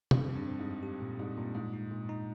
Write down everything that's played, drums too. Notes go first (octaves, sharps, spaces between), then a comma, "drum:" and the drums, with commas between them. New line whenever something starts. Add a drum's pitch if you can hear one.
F2 G3, drum: tom
C4
G2
C4
G#2
G3
G4
A#2
G#2 G3
A#2
G#2 G#3
D#4
A#2
D#4